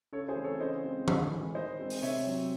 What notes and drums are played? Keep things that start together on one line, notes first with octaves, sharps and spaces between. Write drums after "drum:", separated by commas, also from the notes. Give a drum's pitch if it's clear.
C#3 A4 C#5
G#4 C5
E3 A3 C4
A4 C#5
C#3 C5 D#5
G#3 C4
A2, drum: tom E3
E3 G#3
D#3 C5 D#5
G#3 C4
drum: open hi-hat
C3 C#5 E5
F#3 C4